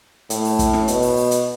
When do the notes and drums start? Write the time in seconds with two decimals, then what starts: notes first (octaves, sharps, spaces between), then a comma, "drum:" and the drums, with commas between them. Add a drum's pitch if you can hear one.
0.30 A2, drum: hi-hat
0.45 drum: open hi-hat
0.59 drum: kick, hi-hat
0.73 drum: snare
0.88 B2, drum: hi-hat
1.02 drum: open hi-hat
1.17 drum: open hi-hat
1.31 drum: hi-hat